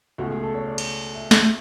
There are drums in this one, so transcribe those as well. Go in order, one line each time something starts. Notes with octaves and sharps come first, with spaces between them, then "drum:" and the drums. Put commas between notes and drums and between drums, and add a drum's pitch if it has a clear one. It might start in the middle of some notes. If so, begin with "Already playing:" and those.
C#2 B2 A3 F#4
G#4
A4
C#5
D5
drum: cymbal
E5
drum: snare